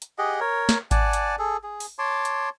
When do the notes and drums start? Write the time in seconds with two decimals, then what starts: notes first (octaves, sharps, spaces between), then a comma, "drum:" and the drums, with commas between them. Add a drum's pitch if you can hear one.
0.02 drum: hi-hat
0.18 G4 G#4 D#5 F#5
0.40 A#4 C#5
0.69 drum: snare
0.91 D5 F#5 G#5 A5, drum: kick G#1, hi-hat
1.13 drum: hi-hat
1.39 G#4 A4
1.63 G#4
1.80 drum: open hi-hat
1.99 C#5 A5 C6 D6
2.25 drum: hi-hat